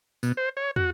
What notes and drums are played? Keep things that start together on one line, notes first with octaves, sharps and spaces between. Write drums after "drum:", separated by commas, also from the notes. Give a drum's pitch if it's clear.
B2, drum: tambourine
C5
C#5
F#4, drum: tom